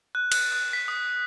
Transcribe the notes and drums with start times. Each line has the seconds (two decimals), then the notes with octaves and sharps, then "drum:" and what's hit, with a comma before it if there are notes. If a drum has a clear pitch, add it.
0.15 F#6
0.32 F#6, drum: cymbal
0.52 F#6
0.73 B6
0.88 D#6